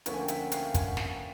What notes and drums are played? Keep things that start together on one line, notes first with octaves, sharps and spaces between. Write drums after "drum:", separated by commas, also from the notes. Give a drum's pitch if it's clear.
D2 D3 F3 A#3 C#4 E5 F#5, drum: hi-hat
G#5
G5
E5 F#5, drum: hi-hat
F5 G5, drum: hi-hat
F#5 G#5, drum: kick, hi-hat
F#5 G#5, drum: snare